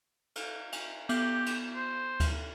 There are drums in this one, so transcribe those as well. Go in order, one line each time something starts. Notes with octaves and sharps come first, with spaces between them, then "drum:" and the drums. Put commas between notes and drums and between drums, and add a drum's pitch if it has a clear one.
drum: cymbal
drum: cymbal
B3 G4 G6, drum: cymbal
drum: cymbal
C5
drum: kick D2, cymbal